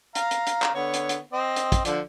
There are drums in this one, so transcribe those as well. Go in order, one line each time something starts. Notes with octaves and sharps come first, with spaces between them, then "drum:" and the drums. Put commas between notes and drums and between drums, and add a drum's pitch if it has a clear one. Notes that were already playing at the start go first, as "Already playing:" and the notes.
F5 A#5, drum: hi-hat
drum: hi-hat
drum: hi-hat
drum: clap
D3 B3 C#5
drum: hi-hat
drum: hi-hat
C4 D#5
drum: hi-hat
drum: kick, hi-hat
D3 F3 D5, drum: hi-hat